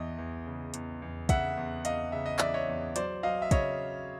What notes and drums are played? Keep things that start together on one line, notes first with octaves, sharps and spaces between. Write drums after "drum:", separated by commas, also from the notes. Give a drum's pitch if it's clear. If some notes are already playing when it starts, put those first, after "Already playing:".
Already playing: E2 E3 D#5
E2
C#3
E2, drum: hi-hat
E2
C#3 E5 F#5, drum: kick, hi-hat
E2
E2 D#5 F5, drum: hi-hat
C#3 E5
D#5
E3 D5 E5, drum: clap
C#5 D#5
E2
F#3 C5 D5, drum: hi-hat
F#3 D#5 F5
E5
C#3 C#5 D#5, drum: kick, hi-hat